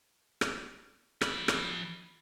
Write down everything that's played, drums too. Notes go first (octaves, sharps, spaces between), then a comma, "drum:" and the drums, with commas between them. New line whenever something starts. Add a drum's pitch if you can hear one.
drum: rim click
F3 B5, drum: rim click
drum: rim click